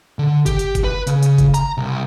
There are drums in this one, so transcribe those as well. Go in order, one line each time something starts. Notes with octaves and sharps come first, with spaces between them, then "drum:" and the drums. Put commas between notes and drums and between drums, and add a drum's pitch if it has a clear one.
D3
G4, drum: kick G1, hi-hat
drum: hi-hat
drum: kick G1, hi-hat
B4
C#3, drum: hi-hat
drum: hi-hat
drum: kick G1, hi-hat
A#5, drum: hi-hat
C2